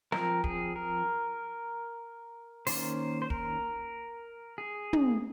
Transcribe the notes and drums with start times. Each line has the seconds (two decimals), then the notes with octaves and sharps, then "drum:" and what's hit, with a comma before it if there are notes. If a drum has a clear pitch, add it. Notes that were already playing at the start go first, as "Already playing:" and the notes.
0.12 F3 C4 A#4, drum: snare
0.44 G#4, drum: kick
0.76 A#4
2.67 D#3 A#3 C#4 C5, drum: open hi-hat
3.22 C5
3.30 A#4, drum: kick
4.58 G#4
4.93 drum: tom